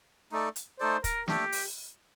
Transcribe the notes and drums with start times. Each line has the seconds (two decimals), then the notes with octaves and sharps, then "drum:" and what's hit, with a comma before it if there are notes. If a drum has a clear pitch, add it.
0.32 A3 D#4 A4 D5
0.56 drum: hi-hat
0.80 A3 D#4 A4 C5 D5
1.04 A#4, drum: kick, hi-hat
1.28 A3 D4 G4 A4, drum: snare
1.52 drum: open hi-hat